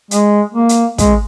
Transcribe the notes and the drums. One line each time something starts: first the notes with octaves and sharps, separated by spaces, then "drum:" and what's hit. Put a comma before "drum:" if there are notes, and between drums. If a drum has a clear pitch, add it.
G#3, drum: hi-hat
A#3
drum: hi-hat
G#3, drum: kick, hi-hat